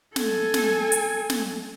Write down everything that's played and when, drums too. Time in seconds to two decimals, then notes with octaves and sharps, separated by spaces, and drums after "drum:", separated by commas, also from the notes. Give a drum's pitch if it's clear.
0.16 A4 G#5, drum: snare
0.54 drum: snare
0.92 drum: hi-hat
1.30 drum: snare